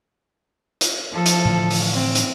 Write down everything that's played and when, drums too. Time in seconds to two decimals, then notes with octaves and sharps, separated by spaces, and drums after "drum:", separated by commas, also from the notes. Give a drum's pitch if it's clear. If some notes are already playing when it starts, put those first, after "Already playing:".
0.81 drum: hi-hat
1.12 F3 A4
1.26 drum: hi-hat
1.45 A2 D3 E3
1.71 drum: open hi-hat
1.93 C4
2.15 drum: hi-hat